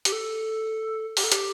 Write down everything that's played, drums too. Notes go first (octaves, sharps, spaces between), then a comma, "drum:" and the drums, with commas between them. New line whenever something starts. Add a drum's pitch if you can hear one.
G4, drum: hi-hat
A4
G4, drum: open hi-hat
A4
G4, drum: hi-hat